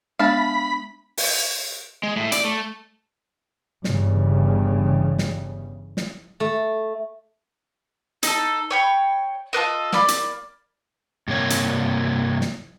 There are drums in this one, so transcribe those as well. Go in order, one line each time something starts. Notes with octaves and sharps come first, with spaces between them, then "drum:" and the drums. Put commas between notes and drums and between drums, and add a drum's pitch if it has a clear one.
G#3 B3 D4 E5 F5 A5 B5
drum: open hi-hat
G#3
A2
D5, drum: hi-hat
A3
G1 G2 C#3 E3, drum: snare
drum: snare
drum: snare
A3
D#4 A4, drum: hi-hat
C#5 G5 B5
F4 A4 B4 D#5
A#3 D5 B5, drum: snare
drum: hi-hat
G2 C3 A#3 C#5
drum: hi-hat
drum: snare